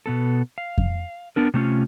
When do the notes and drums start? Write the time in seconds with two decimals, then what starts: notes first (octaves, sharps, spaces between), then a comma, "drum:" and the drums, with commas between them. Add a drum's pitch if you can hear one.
0.06 B2 B3 A4
0.58 F5
0.78 drum: kick F2
1.36 B3 D4 A#4
1.54 C3 A3 C#4 F4